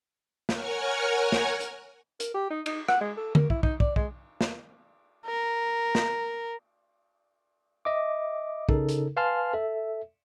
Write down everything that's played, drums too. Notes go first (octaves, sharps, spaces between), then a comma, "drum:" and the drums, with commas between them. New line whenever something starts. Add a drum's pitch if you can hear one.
A#4 C#5 F#5 G#5 F6 G#6, drum: snare
drum: snare
drum: hi-hat
A#4, drum: hi-hat
G4
D#4
D#4, drum: cymbal
F#5, drum: rim click
G#3
A4
A#4, drum: tom D3
E4, drum: kick
D#4, drum: kick
D5, drum: kick
G#3, drum: kick
drum: snare
A#4
drum: snare
D#5 E5 D6
C#3 D#4 A4 A#4, drum: kick
drum: hi-hat
B4 F5 G#5 A5 C6 F6
A4 E5